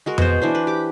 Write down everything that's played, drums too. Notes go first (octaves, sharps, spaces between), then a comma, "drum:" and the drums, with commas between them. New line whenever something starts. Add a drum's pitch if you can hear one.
G#3 F#4 A#4
B2 C5, drum: tom F2
E3 D4 C5
B4
G4 D6